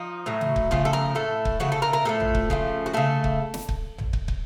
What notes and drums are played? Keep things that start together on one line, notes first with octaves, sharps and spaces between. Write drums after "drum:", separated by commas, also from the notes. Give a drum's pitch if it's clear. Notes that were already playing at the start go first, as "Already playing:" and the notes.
Already playing: F3 D#4
A2 F#3 A3
drum: tom C3
drum: kick
C#3 F3 A3 F4, drum: kick
A4
A#4
A2 A3 A4
drum: kick
C#3 A3 F#4, drum: tom C3
A4
A#4
A#4
A2 F3 A3 A4
drum: tom A1
drum: kick
C#3 F3 A3, drum: kick
F#4
C#3 A3 A4
drum: kick
drum: snare
drum: kick
drum: tom A1
drum: kick
drum: kick